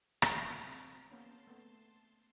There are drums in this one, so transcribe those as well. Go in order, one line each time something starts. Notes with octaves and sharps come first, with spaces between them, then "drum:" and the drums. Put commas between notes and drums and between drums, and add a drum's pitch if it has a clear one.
C4, drum: rim click
A#3 B3 C#4 A5 C6
A3 B3